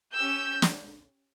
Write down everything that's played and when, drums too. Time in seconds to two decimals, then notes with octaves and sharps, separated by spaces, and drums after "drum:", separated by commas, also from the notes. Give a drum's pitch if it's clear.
0.15 C#4 G4 E6 G6
0.62 drum: snare